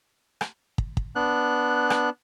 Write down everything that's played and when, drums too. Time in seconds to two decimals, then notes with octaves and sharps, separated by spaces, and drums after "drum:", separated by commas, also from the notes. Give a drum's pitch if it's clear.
0.41 drum: rim click
0.78 drum: kick
0.97 drum: kick
1.16 B3 D4 F#6
1.90 drum: rim click